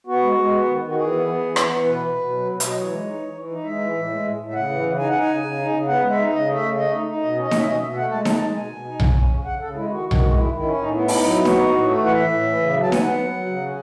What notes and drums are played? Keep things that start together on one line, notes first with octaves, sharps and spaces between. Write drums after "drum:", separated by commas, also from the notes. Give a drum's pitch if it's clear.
B3 F#4
G#3
G#3
B3
D#3
D#3 F#4
E3 G#4
B3
B3
E3
B3, drum: rim click
E3
B2 B4
B2
B2
F#3
B2
F#3, drum: hi-hat
D#5
E3 C#5
G#3
D#4
E3
E3
D#4
G#3 E5
E3
A2
G#3
A2
A2
E5
C#3 F#5
E3
C#3
D#4 G#5
D#4 F#5
G#5
C#3
C#3
D#4
C#3
B3 F#5
G#3
E5
D#4
C#3 D#5
A3
E5
C#3
A3 D#5
D#4
D#4
B2 D#5
C#4
D#5
C#4, drum: snare D#4
E5
B2 D#5
B2 E5
E5
A3 F#5
G#3 A5
D#4 A5, drum: snare D#4
G#3 A5
B2 G#5
B2
D#4
C#4, drum: tom B1
C#4
C#3
C#3 F#5
C#3 A4
G#3 E4
D#3 F#4
D#3
F#4, drum: tom B1
G#3
D#3 E4
D#3
E4
C#4
A2 D#4
B3 E4
D#4 E4, drum: open hi-hat
F#3 E4
B3
F#4, drum: snare D#4
D#4
A2
A3
E3
F#5
A2 E5
A2
E3
C#3
F#3
B3 A5
G#5, drum: snare D#4
B3 F#5
F#3
F#3
C#3
C#4